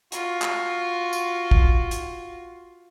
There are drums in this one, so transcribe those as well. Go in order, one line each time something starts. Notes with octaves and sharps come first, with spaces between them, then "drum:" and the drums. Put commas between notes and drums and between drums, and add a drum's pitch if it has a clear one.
F4 F#4, drum: hi-hat
drum: clap
drum: tambourine
drum: kick
drum: hi-hat